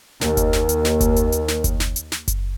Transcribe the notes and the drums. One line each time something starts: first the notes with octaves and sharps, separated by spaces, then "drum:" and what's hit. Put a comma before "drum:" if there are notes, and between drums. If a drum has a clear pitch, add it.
D#2 A#4, drum: snare
drum: kick F#1, hi-hat
drum: snare
drum: hi-hat
drum: snare
drum: kick F#1, hi-hat
drum: hi-hat
drum: hi-hat
drum: snare
drum: kick F#1, hi-hat
drum: snare
drum: hi-hat
drum: snare
drum: kick F#1, hi-hat